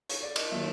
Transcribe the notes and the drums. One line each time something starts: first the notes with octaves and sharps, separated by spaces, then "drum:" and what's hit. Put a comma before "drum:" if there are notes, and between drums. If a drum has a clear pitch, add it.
C#5, drum: hi-hat
D5
D#5, drum: cymbal
D#3 F#3 A#3 E5